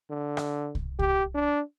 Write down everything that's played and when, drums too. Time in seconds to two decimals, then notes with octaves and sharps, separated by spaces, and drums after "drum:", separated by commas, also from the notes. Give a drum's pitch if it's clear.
0.10 D3
0.37 drum: rim click
0.75 drum: kick C2
0.99 G4, drum: kick C2
1.35 D4